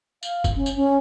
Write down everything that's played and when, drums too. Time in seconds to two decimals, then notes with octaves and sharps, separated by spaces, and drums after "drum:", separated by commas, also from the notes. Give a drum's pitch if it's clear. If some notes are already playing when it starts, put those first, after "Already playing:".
0.23 F5, drum: tambourine
0.44 drum: kick F#1, tambourine
0.55 C#4
0.66 drum: tambourine
0.75 C#4